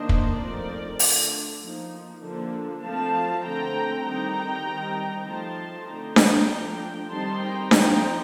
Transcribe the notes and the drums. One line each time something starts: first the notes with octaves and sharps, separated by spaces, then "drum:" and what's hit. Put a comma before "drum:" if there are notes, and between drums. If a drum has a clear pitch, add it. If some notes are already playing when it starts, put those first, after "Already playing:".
Already playing: D#3 A#3 D4 C5 D#5
drum: kick
F3 A3 C4 D#4 A#4 D5
D3 A3 D4, drum: open hi-hat
F3 A#3 D#4
D3 F3 A#3 D4
F3 A3 C4 F5 A5
D3 A3 C4 G5 A#5
D#3 G3 C4 D#4 G5 A#5
D#3 G3 C4 D#4
F3 A3 D#4 A5 C6
D3 A3 C4 D#4 G5 A#5
drum: snare D4
F3 A3 D4
D#3 G3 C4 D#4 A5 C6
G5 A#5
F3 C4 D#4 G5 A#5, drum: snare D4